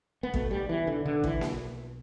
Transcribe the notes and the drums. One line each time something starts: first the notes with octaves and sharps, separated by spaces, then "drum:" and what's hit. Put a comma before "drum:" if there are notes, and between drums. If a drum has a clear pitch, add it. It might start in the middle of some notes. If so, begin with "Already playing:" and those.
B3
B1 B2 A3, drum: kick
G3
E3
D3
D3
E3, drum: kick
drum: snare A#3